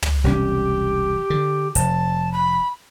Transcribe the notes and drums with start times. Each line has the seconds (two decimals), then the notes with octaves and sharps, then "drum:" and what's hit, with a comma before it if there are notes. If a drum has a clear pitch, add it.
0.02 drum: tom
0.24 E1 C2 C#4 G4
1.30 D3
1.75 F1 A5, drum: hi-hat
2.33 B5